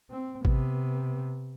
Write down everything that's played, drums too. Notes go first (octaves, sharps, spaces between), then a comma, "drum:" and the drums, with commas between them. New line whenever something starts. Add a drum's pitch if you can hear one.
C4
C3 B3, drum: kick